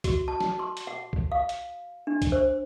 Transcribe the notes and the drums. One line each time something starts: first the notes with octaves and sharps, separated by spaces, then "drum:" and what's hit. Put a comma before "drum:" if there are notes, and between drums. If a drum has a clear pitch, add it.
F#4, drum: kick C2, hi-hat
A5
drum: snare
C6
drum: hi-hat
F#5
drum: kick C2
F5
drum: hi-hat
D4
drum: kick C2, hi-hat
C5